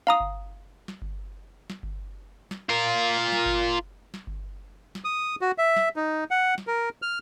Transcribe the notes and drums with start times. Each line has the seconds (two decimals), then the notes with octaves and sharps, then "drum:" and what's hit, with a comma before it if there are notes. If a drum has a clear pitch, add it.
0.07 F5 A#5 D#6
0.20 drum: kick G1
0.88 drum: snare
1.02 drum: kick G1
1.70 drum: snare
1.83 drum: kick G1
2.51 drum: snare
2.69 F4 A#4
3.32 drum: snare
3.46 drum: kick G1
4.14 drum: snare
4.27 drum: kick G1
4.95 drum: snare
5.04 D#6
5.41 F#4
5.58 E5
5.76 drum: snare
5.96 D#4
6.31 F#5
6.58 drum: snare
6.67 A#4
7.02 F6